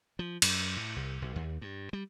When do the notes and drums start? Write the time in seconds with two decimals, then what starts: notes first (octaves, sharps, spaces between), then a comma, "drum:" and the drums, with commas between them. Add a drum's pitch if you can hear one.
0.19 F3
0.42 F#2, drum: cymbal
0.77 A2
0.96 C2
1.22 B1
1.36 D#2
1.61 G2
1.93 G3